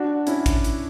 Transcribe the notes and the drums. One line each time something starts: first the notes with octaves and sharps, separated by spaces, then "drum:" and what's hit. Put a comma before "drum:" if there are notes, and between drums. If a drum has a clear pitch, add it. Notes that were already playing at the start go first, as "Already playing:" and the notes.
Already playing: D4 F#4
C#4 E4, drum: hi-hat
drum: kick, hi-hat
drum: hi-hat